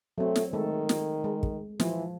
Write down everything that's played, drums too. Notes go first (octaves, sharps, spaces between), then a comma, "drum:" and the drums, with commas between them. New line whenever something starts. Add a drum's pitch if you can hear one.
F#3 A3 C4
drum: snare
D#3 G#3 A3 A4
drum: snare
G#3
drum: kick
E3 F3, drum: snare